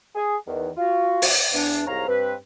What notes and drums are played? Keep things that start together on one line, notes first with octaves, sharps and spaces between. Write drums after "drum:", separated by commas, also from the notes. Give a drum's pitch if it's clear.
G#4
E2 D#3 E3
F4 F#4
drum: open hi-hat
E2 D4
C2 G#2 G#3 C#5 F5 A#5
G2 C4 B4